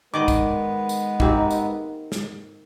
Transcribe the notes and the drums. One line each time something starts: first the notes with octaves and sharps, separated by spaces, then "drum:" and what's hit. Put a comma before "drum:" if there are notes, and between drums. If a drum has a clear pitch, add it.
D#3 G#3 B3 B4 D5 D#5 D6
drum: kick, tambourine
drum: tambourine
A#3 C4 D#4 G4, drum: kick
drum: tambourine
drum: snare